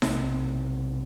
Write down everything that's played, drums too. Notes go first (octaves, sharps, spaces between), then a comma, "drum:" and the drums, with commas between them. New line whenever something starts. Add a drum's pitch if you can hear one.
B1 A2 C3 C4, drum: snare D#4